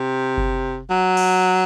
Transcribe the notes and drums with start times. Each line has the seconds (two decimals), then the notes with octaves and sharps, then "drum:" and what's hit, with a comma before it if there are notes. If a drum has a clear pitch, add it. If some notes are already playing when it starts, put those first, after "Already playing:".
Already playing: C3
0.37 drum: kick F#1
0.90 F#3
1.17 drum: cymbal